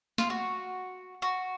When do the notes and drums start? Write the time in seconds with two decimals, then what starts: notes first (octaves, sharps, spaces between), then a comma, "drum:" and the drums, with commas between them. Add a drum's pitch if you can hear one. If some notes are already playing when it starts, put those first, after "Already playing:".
0.18 F4, drum: snare
0.30 F#4
1.22 F#4